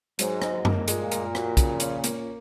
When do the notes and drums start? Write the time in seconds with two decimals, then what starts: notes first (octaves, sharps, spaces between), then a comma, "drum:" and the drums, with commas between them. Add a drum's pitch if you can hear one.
0.19 G#2 F#3, drum: hi-hat
0.42 D#4, drum: rim click
0.65 A#3, drum: tom F#2
0.88 A#2 G#3, drum: hi-hat
1.11 A#4, drum: hi-hat
1.35 F#4, drum: rim click
1.57 C#3, drum: kick, hi-hat
1.80 C#4, drum: hi-hat
2.04 A#3, drum: hi-hat